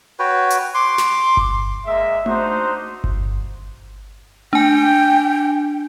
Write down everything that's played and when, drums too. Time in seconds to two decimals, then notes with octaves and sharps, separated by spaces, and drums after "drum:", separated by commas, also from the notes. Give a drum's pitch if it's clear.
0.19 F#4 B4 C#5 G5
0.50 drum: hi-hat
0.74 C6 D6
0.98 drum: snare
1.37 drum: kick G1
1.86 G#3 A#3 E5
2.26 D4 D#4 F#4 C5, drum: tom A3
3.04 drum: kick G1
4.53 D4 G5 G#5, drum: tom A3